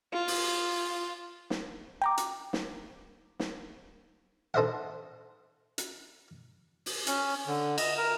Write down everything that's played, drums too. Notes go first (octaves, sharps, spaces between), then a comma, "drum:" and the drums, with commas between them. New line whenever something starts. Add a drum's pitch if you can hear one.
F4
drum: open hi-hat
drum: snare
G5 A#5 D6
drum: hi-hat
drum: snare
drum: snare
D#4 A4 C5 D#5 E5 F#5
drum: hi-hat
drum: open hi-hat
C#4, drum: hi-hat
D3
D#5, drum: cymbal
A#4